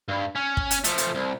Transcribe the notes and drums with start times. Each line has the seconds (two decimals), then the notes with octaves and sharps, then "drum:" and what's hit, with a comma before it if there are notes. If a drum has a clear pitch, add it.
0.08 G2
0.35 C#4
0.57 drum: kick
0.71 drum: hi-hat
0.84 F3 A3, drum: hi-hat
0.98 drum: hi-hat
1.15 C2